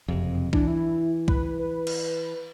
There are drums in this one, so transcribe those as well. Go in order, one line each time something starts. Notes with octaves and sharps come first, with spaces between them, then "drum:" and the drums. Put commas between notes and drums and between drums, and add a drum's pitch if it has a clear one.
F#1 F2 C3
E3 D4, drum: kick
E4
B4, drum: kick
B4
drum: cymbal